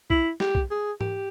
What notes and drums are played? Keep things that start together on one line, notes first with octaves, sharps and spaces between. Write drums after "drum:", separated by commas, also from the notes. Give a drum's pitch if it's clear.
E4, drum: kick B1
G4, drum: snare
drum: kick B1
G#4
G4, drum: tom G#2